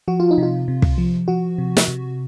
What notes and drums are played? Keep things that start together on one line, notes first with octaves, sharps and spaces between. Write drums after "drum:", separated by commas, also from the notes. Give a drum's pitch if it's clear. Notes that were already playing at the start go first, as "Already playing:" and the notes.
F3 F#4
F4
D#4
C3 F4
C3
drum: kick
F3
F3 F#4
C3
drum: snare
C3